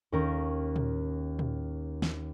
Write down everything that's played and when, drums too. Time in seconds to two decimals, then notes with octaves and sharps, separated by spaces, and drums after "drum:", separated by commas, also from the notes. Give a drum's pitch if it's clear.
0.12 D#2 D#3 C#4 A#4
0.76 drum: tom
1.39 drum: tom
2.02 drum: snare